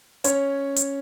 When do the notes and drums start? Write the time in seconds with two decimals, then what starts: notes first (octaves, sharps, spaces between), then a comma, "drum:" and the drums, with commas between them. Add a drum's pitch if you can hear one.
0.24 C#4 C#5, drum: hi-hat
0.76 drum: hi-hat